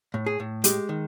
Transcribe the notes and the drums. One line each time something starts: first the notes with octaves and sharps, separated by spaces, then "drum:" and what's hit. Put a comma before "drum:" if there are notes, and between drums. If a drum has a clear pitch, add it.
A2
G#4
A2
G#3 G4, drum: hi-hat
D#3